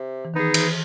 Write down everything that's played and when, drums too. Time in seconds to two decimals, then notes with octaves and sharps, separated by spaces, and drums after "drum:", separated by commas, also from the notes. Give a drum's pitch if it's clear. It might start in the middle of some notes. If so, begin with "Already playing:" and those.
Already playing: C3
0.25 E3
0.33 D#3 B3 D#4 G#4
0.54 E3, drum: cymbal